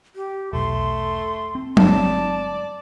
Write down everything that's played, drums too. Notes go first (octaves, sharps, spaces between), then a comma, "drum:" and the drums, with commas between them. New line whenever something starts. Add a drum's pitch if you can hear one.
G4
E1 B1 A3 C6
C4
G1 G#3 C4 D5 A5, drum: tom F#3